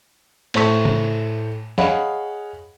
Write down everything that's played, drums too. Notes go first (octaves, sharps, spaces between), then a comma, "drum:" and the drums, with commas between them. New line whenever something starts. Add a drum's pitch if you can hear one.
A2 A3 C5 A5 C#6 B6, drum: cymbal
drum: tom C#3
G#4 C#5 D#5 F5 F#5 B5, drum: snare